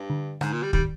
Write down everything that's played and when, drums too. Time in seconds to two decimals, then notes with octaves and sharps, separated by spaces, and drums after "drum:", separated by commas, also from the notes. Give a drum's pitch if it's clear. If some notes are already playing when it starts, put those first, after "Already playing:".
Already playing: G2
0.10 D3
0.41 G#2 D3, drum: rim click
0.53 A#2
0.63 G3
0.73 D#3 G3, drum: kick